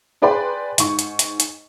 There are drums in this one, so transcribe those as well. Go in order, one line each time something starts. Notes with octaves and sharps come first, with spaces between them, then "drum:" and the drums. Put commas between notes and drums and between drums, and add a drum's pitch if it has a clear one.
G#4 B4 D5 G5 B5 C6
G#2 C#6, drum: hi-hat
drum: hi-hat
drum: hi-hat
drum: hi-hat